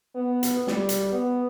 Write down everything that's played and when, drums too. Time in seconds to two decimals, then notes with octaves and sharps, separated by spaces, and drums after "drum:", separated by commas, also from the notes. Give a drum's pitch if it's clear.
0.16 B3
0.43 drum: hi-hat
0.67 G3, drum: snare
0.89 drum: hi-hat
1.12 B3